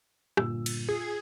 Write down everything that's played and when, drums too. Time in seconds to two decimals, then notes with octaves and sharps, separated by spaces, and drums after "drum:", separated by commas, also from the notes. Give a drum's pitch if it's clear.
0.37 G1 A#2 E6, drum: rim click
0.66 drum: cymbal
0.89 F4 G#4